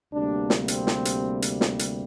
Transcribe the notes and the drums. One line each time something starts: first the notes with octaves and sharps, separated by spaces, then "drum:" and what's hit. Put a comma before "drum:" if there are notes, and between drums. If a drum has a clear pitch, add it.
D2 C3 G3 A#3 D4
drum: snare
C4, drum: hi-hat
drum: snare
drum: hi-hat
drum: hi-hat
drum: snare
drum: hi-hat